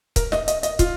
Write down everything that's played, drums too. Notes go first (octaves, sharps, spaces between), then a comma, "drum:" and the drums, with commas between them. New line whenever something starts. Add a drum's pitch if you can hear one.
A#4, drum: kick, hi-hat
D#5, drum: snare
D#5, drum: hi-hat
D#5, drum: hi-hat
F4, drum: kick, hi-hat